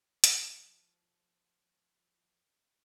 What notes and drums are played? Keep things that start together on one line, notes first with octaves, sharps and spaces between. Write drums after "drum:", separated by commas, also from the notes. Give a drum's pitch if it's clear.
F3 F5, drum: hi-hat